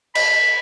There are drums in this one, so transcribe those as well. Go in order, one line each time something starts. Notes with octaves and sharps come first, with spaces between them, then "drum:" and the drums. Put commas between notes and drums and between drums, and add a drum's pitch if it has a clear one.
B5, drum: cymbal